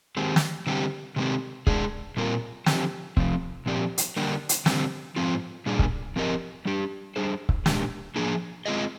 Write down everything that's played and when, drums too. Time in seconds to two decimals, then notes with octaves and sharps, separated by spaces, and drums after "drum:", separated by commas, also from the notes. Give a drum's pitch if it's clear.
0.17 D#3 G#3 C4 G4
0.36 drum: snare
0.67 D3 G3 C4 G4
1.16 C3 D#3 G#3 C4 G4
1.67 G#3 D4 G#4, drum: kick C#1
2.17 A#2 G3 C4 F4 A#4
2.66 D3 F3 G#3 C4 G4, drum: snare
3.17 C3 F3 C4, drum: kick C#1
3.66 A#2 F3 C4 G4 D5
3.98 drum: hi-hat
4.17 D3 G3 A#3 D4 G4
4.49 drum: hi-hat
4.66 D3 G3 C4, drum: snare
5.16 G#2 F3 C4 F4
5.66 A#2 G3 D4 G#4
5.79 drum: kick C#1
6.16 F3 C4 G4 A#4 D#5
6.65 G3 D4 G4
7.16 G3 D4 G#4 C5
7.49 drum: kick C#1
7.66 A#2 G#3 D4 G4, drum: snare
8.16 F3 A#3 D4 G#4
8.66 G#3 C4 F4 G#4 D#5